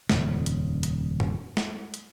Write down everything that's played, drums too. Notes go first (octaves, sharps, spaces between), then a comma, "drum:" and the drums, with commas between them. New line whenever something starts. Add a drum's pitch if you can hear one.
D#1 F2 C#3, drum: snare
drum: hi-hat
drum: hi-hat
drum: tom G2
drum: snare
drum: hi-hat